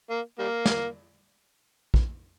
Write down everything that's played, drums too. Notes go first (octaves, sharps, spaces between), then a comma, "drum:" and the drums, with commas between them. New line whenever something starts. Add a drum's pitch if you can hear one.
A#3
G3 A#3
drum: snare
drum: kick